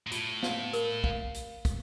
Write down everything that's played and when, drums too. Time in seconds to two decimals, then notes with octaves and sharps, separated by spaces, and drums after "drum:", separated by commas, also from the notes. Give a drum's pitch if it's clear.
0.07 A#2
0.12 A2 F4, drum: hi-hat
0.43 F5, drum: snare
0.73 A#4, drum: hi-hat
1.04 F5, drum: kick
1.34 drum: hi-hat
1.65 drum: kick, hi-hat